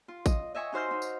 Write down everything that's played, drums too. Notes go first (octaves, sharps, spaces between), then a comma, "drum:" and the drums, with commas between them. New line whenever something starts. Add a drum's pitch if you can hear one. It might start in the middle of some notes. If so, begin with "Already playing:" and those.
F4
D#5, drum: kick A1, tambourine
D#5 E5 G#5 C#6
D#4 F#4 C5 F6 G6
D#4
drum: tambourine